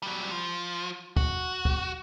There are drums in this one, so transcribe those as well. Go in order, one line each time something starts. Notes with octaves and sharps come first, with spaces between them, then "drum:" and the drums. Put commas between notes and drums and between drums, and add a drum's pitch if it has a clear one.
F#3 G3
F3
F#4, drum: kick
drum: kick